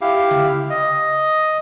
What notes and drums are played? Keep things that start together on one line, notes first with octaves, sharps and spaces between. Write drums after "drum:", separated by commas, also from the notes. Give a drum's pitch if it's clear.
E4 G4 F5
drum: tom C#3
D#5